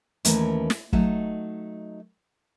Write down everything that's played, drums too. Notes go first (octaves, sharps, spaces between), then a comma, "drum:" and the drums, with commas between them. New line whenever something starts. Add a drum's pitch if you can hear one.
D#2 E3 A3 C#4 A#4 B4, drum: hi-hat
drum: snare
F#3 A3 D#4, drum: kick